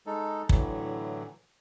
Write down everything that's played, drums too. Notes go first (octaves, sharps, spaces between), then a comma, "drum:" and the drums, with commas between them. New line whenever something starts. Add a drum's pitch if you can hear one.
G#3 D#4 A4
A2 D3 E3 F#3, drum: kick